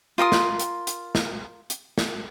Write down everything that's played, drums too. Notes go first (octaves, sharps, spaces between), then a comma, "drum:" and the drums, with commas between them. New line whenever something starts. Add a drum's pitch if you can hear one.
F4 A#4 C6 D#6
drum: snare
drum: hi-hat
drum: hi-hat
drum: snare
drum: hi-hat
drum: snare